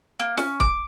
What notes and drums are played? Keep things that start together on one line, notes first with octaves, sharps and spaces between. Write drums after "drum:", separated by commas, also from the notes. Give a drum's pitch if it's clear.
A#3
C#4, drum: snare
D6, drum: kick